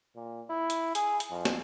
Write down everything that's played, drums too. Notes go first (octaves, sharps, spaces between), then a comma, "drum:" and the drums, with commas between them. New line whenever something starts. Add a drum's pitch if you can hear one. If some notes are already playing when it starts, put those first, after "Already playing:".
A#2
E4
drum: hi-hat
G#4, drum: hi-hat
drum: hi-hat
F2
drum: snare